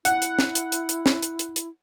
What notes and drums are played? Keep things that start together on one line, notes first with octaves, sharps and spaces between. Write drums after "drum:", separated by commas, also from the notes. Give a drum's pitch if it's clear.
E4 F#5, drum: hi-hat
drum: hi-hat
drum: snare
drum: hi-hat
drum: hi-hat
drum: hi-hat
drum: snare
drum: hi-hat
drum: hi-hat
drum: hi-hat